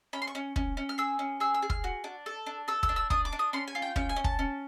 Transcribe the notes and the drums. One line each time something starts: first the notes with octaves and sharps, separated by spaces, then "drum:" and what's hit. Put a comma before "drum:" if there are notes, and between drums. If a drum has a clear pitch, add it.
C#4 B5
C6
C#6
C#4
C#4, drum: kick
C#4
F6
G#4 E6
C#4
G#4 E6
E6
G#4
F6, drum: kick
F#4
D4
A4
D4
A4 E6
E6, drum: kick
D4
E6
D4 D#6, drum: kick
D6
D4
D#6
C#4 C6
G#5
F4
G5
C#4 G5, drum: kick
G#5
C#4
A5, drum: kick
C#4